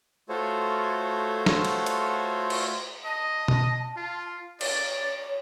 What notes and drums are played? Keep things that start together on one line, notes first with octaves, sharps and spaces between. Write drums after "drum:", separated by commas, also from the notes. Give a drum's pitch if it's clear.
A3 F4 F#4 A4 C5 C#5
drum: snare
drum: cymbal
drum: hi-hat
drum: cymbal
D#5 A5
drum: tom B2
F4
C#5 D5, drum: cymbal